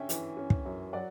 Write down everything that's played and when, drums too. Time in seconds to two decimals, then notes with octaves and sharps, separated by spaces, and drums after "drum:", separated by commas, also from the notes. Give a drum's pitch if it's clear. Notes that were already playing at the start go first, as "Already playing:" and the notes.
Already playing: D3 C#4 E5 G5
0.09 E3, drum: hi-hat
0.37 C#4
0.50 drum: kick
0.65 F#2
0.93 F#3 D5 F#5